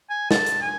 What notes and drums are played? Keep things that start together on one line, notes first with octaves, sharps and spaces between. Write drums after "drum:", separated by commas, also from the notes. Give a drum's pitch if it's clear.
G#5
A5, drum: snare
drum: hi-hat
G#5